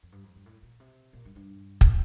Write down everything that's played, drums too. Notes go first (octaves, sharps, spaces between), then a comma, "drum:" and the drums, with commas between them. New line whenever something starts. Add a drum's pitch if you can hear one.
F2
G2
F2
G2
A2
A#2
C3
A#2
G2
G2
drum: kick